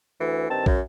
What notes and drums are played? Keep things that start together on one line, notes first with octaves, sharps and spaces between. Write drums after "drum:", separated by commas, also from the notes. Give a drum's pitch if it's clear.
D2 E3
G2 D#3 C4 A5
F#2, drum: kick